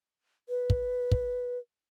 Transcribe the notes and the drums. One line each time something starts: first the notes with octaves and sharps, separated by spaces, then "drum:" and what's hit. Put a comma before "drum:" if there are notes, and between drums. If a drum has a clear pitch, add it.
B4
drum: kick
drum: kick